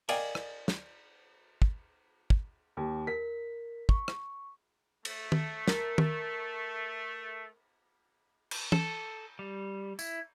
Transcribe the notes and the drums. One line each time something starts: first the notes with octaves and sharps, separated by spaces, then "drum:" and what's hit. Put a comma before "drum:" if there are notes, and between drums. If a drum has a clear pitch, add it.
A#4 D5 D#5 F5 G5 G#5, drum: cymbal
drum: rim click
drum: snare
drum: kick
drum: kick
D#2
A#4 B6
C#6, drum: kick
drum: rim click
A3, drum: cymbal
drum: tom
A#4, drum: snare
drum: tom
drum: cymbal
A4, drum: tom
G3
E4, drum: tambourine